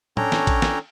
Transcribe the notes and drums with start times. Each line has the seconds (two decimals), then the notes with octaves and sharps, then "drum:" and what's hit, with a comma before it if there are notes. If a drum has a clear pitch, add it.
0.17 C#4 D4 A4 C#5 G5 A#5, drum: tom
0.32 drum: snare
0.47 drum: kick A1, cymbal
0.62 drum: snare